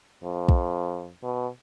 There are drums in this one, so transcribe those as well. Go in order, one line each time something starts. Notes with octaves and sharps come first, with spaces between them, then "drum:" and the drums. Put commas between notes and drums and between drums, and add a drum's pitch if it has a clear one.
F2
drum: kick
B2